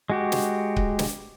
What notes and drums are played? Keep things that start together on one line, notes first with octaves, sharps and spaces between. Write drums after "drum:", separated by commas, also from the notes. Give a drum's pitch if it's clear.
G#3 F#4 G4
drum: snare
drum: kick C#1
drum: snare